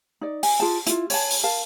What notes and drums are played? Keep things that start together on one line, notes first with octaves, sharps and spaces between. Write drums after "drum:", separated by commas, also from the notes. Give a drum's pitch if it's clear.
D#4 D5
G#5, drum: open hi-hat
F4 G#4 A5
E4 F4, drum: hi-hat
C#5 G#5 A5, drum: open hi-hat
drum: open hi-hat
A#4 F5 A5